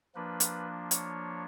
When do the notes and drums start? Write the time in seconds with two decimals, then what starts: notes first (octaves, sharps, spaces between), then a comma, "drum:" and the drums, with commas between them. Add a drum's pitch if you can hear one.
0.15 F3 A#3 D4 B4
0.40 drum: hi-hat
0.91 C#5, drum: hi-hat